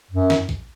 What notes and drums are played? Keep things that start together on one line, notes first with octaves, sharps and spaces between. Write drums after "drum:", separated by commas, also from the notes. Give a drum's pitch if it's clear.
F#2
drum: snare
drum: kick A#1